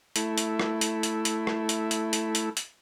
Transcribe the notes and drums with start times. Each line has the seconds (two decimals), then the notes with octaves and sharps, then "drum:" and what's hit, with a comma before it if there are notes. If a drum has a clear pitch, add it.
0.16 A3 E4, drum: hi-hat
0.38 drum: hi-hat
0.59 drum: rim click
0.81 drum: hi-hat
1.03 drum: hi-hat
1.25 drum: hi-hat
1.47 drum: rim click
1.69 drum: hi-hat
1.91 drum: hi-hat
2.13 drum: hi-hat
2.35 drum: hi-hat
2.57 drum: hi-hat